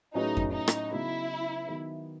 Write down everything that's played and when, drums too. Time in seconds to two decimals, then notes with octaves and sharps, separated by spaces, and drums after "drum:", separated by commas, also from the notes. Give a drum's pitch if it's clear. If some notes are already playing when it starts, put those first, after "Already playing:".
0.15 A2 F#3 C#4 D#4 G#4 B4
0.37 drum: kick F2
0.53 D#4
0.68 drum: rim click
0.91 C#3 F#3 B3 E4
1.67 D#3 F#3 B3 D#4